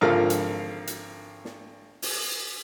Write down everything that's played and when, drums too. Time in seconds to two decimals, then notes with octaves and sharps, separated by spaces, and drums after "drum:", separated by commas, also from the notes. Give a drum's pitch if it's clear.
0.01 G#1 D3 F3 A#4 F5 A#5
0.30 drum: hi-hat
0.87 drum: hi-hat
1.45 drum: snare
2.02 drum: open hi-hat